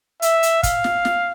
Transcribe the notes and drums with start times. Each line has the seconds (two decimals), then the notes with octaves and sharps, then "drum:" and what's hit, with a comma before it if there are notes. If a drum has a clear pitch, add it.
0.22 E5, drum: hi-hat
0.43 drum: hi-hat
0.63 F5, drum: kick, hi-hat
0.84 drum: snare
1.05 drum: snare